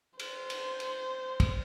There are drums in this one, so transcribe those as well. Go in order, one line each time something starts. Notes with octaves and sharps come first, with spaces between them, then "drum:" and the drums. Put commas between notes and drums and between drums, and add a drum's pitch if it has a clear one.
C5, drum: cymbal
drum: cymbal
drum: cymbal
drum: kick, cymbal